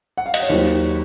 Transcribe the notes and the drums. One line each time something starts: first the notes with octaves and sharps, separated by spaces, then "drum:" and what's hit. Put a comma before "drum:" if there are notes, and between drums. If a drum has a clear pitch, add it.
F#5
F5
D#5, drum: cymbal
C#5
D#2 D#3 F#3 C5